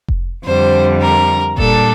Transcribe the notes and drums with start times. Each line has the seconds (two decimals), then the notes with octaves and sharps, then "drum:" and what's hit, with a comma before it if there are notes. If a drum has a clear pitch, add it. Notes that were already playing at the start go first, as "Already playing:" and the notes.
0.08 drum: kick F1
0.44 F2 D3 G3 C5
1.01 A#4
1.57 A#2 G3 D4 A4, drum: kick F1